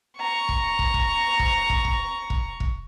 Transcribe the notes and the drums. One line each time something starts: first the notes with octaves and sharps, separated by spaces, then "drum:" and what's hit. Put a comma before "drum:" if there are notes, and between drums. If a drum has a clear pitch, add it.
A#5 C#6
drum: kick
drum: kick
drum: kick
drum: kick
drum: kick
drum: kick
drum: kick
drum: kick